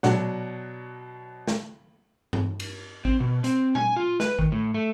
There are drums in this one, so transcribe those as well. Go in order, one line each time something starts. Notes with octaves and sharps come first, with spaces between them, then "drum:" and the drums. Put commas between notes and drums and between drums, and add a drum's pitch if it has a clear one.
B2 F#3 D4 F#5, drum: snare
drum: snare
drum: tom G2
drum: cymbal
C4, drum: kick G#1
B2
C4, drum: hi-hat
G#5, drum: tom
F4
B4, drum: snare
D#3, drum: kick G#1
A2
A3